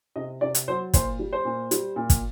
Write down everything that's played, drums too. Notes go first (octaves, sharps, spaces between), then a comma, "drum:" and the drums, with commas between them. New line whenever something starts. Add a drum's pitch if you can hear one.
C3 D#5
C3 D5
drum: hi-hat
F#3 C5
A#2 C5, drum: kick, hi-hat
G3
C5
A#2
G3, drum: hi-hat
A#2
drum: kick, hi-hat